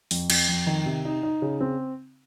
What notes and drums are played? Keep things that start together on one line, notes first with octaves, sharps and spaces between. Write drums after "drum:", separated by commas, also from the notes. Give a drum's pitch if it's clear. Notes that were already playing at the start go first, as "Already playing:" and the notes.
F2, drum: open hi-hat
F2, drum: cymbal
F2
D#3
C3
D#4
D#4
C#3
C4